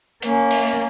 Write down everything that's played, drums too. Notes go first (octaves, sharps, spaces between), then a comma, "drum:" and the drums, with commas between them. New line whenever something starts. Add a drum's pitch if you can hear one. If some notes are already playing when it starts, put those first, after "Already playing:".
A#3 C#4, drum: hi-hat
drum: open hi-hat